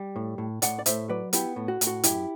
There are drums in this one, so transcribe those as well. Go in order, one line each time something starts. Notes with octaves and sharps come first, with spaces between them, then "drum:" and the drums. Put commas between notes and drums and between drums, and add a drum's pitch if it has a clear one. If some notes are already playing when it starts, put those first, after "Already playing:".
Already playing: G3
A2
A2
A2 D5 F#5, drum: hi-hat
D5
A2 C5 E5, drum: hi-hat
F#3 B4 D5
B3 E4 G4, drum: hi-hat
A2
F#4
A2, drum: hi-hat
F#4
F#2 E4 G4, drum: hi-hat